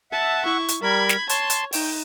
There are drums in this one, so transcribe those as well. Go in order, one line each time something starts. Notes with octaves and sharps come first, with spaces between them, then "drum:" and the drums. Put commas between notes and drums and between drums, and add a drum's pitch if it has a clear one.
E5 F#5 A5
E4 C#6
drum: hi-hat
G3 A#4 B5 G#6
drum: snare
C#5 A5 C6, drum: hi-hat
drum: hi-hat
D#4 G5, drum: open hi-hat